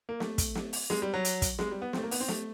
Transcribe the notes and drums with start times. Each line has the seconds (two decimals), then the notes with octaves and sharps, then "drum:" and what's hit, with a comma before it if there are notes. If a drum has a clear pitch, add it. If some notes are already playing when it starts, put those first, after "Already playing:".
0.09 A#3
0.20 A3, drum: snare
0.38 drum: kick, hi-hat
0.55 drum: snare
0.73 drum: open hi-hat
0.90 G#3, drum: snare
1.02 G3
1.14 F#3
1.25 drum: hi-hat
1.42 drum: kick, hi-hat
1.59 G#3, drum: snare
1.71 G3
1.82 B3
1.93 C4, drum: snare
1.98 A3
2.03 A#3
2.11 B3, drum: open hi-hat
2.20 C4
2.28 A3, drum: snare